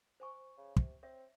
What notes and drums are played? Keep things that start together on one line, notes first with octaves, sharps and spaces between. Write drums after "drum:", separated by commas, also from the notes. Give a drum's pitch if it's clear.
C5 G#5 C#6
C#3
C3, drum: kick
C4 C#5 E5